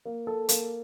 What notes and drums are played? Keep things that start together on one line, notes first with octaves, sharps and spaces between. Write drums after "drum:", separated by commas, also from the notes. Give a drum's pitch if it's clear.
A#3
A4
A#3, drum: hi-hat